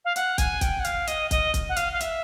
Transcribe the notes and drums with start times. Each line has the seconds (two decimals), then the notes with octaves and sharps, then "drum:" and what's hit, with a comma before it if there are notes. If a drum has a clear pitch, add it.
0.05 F5
0.16 F#5, drum: hi-hat
0.38 G#5, drum: kick, hi-hat
0.61 G5, drum: kick, hi-hat
0.80 F#5
0.84 F5, drum: hi-hat
1.07 D#5, drum: hi-hat
1.31 D#5, drum: kick, hi-hat
1.54 drum: kick, hi-hat
1.69 F#5
1.76 F5, drum: hi-hat
1.93 F5
2.00 E5, drum: hi-hat